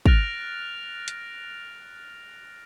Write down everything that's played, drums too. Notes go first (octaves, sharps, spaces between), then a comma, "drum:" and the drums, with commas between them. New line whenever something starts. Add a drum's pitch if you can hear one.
F6 F#6 A6 A#6 D7 F7, drum: kick
drum: hi-hat